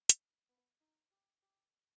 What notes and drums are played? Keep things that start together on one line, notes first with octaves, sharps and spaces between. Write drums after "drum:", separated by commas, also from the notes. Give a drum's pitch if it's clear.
drum: hi-hat
B3
D#4
G4
G4